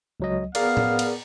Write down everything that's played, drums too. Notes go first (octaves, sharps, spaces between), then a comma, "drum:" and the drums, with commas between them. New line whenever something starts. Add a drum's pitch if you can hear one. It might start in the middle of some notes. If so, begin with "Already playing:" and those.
C#2 F#3 D#5
B3 G#4 A#4 D5 F5, drum: cymbal
drum: tom A2
drum: cymbal